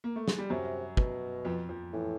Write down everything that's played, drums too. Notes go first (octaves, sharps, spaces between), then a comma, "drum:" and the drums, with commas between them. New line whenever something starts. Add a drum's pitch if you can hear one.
A#3
A3
G#3, drum: snare
G3
F#2 C3 F#3
B2, drum: kick
F2 F3
F2 F3
A2 E3